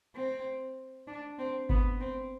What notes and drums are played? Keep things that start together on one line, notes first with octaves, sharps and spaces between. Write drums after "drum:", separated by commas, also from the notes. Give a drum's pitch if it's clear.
C4
D4
C4
B3, drum: kick G1
C4